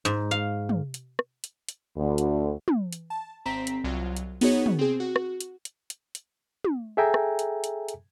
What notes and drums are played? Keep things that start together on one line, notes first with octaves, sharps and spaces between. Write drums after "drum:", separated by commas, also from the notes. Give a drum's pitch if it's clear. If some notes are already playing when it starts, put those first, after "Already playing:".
G#2
F5
drum: tom
drum: hi-hat
drum: rim click
drum: hi-hat
drum: hi-hat
D2
drum: hi-hat
drum: tom
drum: hi-hat
A5
G#1 C4 A#5 B6
drum: hi-hat
C2 F#3 F4
drum: hi-hat
B3 D#4 F#4 G#4 C#5, drum: open hi-hat
drum: tom
C4 G#4
F#4
drum: rim click
drum: hi-hat
drum: hi-hat
drum: hi-hat
drum: hi-hat
drum: tom
G#4 A4 E5 G5 G#5 A#5
drum: rim click
drum: hi-hat
drum: hi-hat
drum: hi-hat